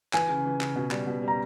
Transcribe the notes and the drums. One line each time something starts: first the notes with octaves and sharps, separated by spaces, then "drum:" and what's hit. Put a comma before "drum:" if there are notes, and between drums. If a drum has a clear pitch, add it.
E3 G#5, drum: clap
C#3
E3
C#3, drum: clap
B2
G3, drum: clap
B2
G3
A#5